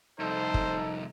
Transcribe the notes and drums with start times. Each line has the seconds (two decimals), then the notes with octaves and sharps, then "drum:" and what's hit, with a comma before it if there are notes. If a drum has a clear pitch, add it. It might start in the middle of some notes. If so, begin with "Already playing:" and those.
0.20 C2 F2 D#4 A4 C5
0.54 drum: kick